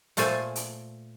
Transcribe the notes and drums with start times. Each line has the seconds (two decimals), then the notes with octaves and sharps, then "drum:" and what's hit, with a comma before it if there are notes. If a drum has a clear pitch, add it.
0.17 A#2 A3 A4 C5 G#5, drum: hi-hat
0.56 drum: hi-hat